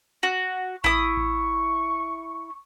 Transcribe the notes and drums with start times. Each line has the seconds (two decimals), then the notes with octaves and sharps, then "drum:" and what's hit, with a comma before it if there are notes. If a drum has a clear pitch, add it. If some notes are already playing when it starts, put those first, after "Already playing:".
0.23 F#4
0.84 E4 C#6 D#6, drum: kick A1
1.17 drum: kick A1